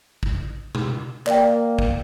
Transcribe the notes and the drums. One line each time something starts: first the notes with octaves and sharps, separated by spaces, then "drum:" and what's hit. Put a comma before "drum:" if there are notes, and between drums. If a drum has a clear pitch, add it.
drum: kick
drum: tom B2
A#3 D5 G5, drum: clap
drum: kick